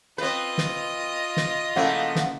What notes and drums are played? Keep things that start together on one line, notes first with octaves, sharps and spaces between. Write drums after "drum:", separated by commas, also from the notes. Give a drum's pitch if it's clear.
C4 F4 B4 D#5
drum: snare
drum: snare
C#3 F3 A3 A#3 E4 F#5
drum: snare